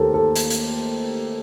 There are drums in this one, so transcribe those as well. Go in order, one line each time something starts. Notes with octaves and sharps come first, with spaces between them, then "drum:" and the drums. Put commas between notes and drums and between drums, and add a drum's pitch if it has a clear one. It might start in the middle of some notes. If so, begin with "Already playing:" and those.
Already playing: D#2 D#3 A3 G4 A4 A#4 C5
A4
drum: hi-hat
drum: hi-hat